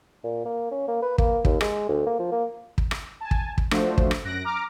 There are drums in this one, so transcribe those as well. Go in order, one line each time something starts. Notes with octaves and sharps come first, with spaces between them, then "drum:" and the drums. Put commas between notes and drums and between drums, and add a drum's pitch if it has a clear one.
A#2
A#3
C#4
A#3
B4
A#3, drum: kick
D#2, drum: kick
G#3, drum: rim click
D2
A#3
F3
A#3
drum: kick
drum: rim click
G#5 A5
drum: kick
drum: kick
F3 A3 D4 F#4 C5, drum: rim click
drum: kick
drum: rim click
F#2 F#6 A#6 D7
A#5 D6 F6 D7